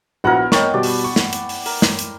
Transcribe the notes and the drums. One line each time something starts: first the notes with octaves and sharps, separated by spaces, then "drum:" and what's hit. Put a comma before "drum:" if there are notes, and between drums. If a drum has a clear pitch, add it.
A#1 B3 E4 F#4 A#4 F#5
A#4 C#5 D#5 G5 A5 C#6, drum: snare
B2 G3 D5
drum: open hi-hat
C#6
drum: snare
drum: hi-hat
drum: open hi-hat
A#4, drum: open hi-hat
drum: snare
drum: hi-hat